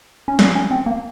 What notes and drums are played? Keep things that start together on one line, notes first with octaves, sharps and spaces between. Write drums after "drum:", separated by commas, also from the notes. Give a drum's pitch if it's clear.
C#4
C4, drum: snare
C#4
C4
A#3